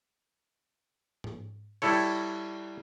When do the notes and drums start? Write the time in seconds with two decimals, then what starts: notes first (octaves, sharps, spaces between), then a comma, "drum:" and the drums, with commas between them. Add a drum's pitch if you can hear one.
1.24 drum: tom G#2
1.82 G3 E4 A4 C#5, drum: cymbal